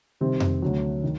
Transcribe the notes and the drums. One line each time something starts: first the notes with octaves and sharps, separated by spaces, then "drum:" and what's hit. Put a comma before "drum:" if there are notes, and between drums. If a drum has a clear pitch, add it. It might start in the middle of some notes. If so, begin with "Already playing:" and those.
C3 D#3 G3 C4
drum: tom F2
D2 D3 F#3
D#3